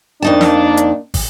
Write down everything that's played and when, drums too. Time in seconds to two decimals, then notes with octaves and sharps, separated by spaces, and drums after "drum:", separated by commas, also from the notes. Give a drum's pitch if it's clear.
0.22 F2 A#3 D4 D#4 A5
0.41 drum: snare
0.77 drum: hi-hat
1.14 drum: kick, open hi-hat